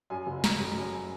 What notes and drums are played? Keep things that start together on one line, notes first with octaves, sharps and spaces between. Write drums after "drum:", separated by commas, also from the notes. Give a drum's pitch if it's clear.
F#2 G#5
F#1
F#1 A#5, drum: snare
C#3
F#2